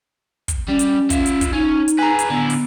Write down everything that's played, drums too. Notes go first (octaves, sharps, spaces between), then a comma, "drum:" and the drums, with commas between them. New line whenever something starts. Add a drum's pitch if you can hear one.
drum: kick, hi-hat
G3 C#4
drum: hi-hat
F4 E5, drum: kick, hi-hat
drum: hi-hat
drum: kick, hi-hat
C#4 D#4
drum: hi-hat
G#4 B4 G#5 A#5
drum: hi-hat
D3 B3 E4
drum: open hi-hat